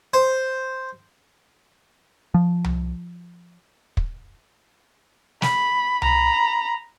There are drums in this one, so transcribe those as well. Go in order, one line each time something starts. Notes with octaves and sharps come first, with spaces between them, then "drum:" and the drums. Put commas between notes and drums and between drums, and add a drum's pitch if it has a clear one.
C5
F3
drum: tom C2
drum: kick
B5, drum: snare
A#5 B5, drum: tom C2